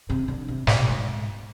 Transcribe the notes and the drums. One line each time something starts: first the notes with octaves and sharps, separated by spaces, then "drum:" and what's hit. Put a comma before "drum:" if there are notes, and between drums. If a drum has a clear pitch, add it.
C3
D3
C3
B2, drum: snare
G#2